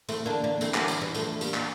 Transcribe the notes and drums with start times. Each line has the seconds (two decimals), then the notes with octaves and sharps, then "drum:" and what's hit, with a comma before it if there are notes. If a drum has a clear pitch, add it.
0.09 E2 A3 C4, drum: tambourine
0.26 D3 A#3 D4
0.43 D3 A#3 D4
0.61 E2 A3 C4, drum: tambourine
0.74 G3 A#3, drum: clap
0.79 E2
0.88 drum: tambourine
0.97 E2 E3 G3
1.14 G2 F3 A3, drum: tambourine
1.32 G2
1.41 G3 A#3, drum: tambourine
1.54 drum: clap